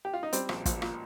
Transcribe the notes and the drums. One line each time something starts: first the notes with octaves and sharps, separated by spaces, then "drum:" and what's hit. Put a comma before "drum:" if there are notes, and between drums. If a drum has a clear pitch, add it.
G4
F4
D#4
G3 C4, drum: hi-hat
A#1, drum: rim click
A#1, drum: kick, hi-hat
A#2, drum: rim click